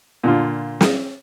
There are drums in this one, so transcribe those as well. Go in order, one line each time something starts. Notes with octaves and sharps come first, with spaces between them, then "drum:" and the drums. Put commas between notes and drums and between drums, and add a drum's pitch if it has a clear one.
A#2 D3 F4
drum: snare